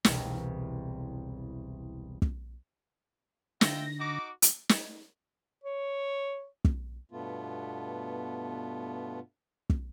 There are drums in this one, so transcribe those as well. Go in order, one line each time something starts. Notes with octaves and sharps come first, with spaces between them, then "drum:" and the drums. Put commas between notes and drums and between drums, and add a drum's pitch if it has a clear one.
E1 C2 A#4, drum: snare
drum: kick
D3 F4 E5 G5 A#6, drum: snare
D#4 F#4 D6
drum: hi-hat
drum: snare
C#5
drum: kick
G2 B2 A3 B3 F4
drum: kick